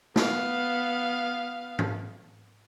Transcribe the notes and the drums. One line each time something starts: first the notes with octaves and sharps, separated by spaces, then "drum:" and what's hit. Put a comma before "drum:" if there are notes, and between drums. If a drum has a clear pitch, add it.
B3 F5, drum: snare
drum: tom G#2